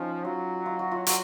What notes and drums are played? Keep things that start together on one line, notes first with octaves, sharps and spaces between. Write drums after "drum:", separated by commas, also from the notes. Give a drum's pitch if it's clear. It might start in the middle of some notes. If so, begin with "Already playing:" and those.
Already playing: F3 C#4 D#4
F#3 F4
F4
F#4
F4
F#4, drum: hi-hat